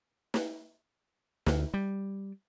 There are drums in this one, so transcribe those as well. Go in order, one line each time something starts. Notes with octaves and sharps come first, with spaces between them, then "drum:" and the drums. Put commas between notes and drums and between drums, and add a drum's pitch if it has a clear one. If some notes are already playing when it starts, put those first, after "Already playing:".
drum: snare
D2, drum: snare
G3